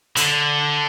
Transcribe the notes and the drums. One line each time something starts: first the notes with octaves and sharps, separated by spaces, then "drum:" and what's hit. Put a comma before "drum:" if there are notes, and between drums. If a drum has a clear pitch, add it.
D3, drum: hi-hat